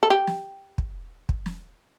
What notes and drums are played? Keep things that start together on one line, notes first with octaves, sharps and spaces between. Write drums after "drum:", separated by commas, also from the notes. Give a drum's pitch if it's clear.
A4
G4
drum: snare
drum: kick
drum: kick
drum: snare